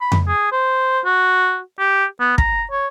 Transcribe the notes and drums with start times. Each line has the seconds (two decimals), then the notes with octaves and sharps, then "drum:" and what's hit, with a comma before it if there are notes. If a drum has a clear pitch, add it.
0.01 B5
0.12 drum: tom F2
0.28 G#4
0.52 C5
1.05 F#4
1.79 G4
2.20 B3
2.38 A#5, drum: kick
2.71 C#5